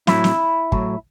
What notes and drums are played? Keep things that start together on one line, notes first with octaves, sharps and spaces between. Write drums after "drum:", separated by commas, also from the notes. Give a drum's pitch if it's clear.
A2 F#3 E4, drum: snare
drum: snare
A2 F#3, drum: kick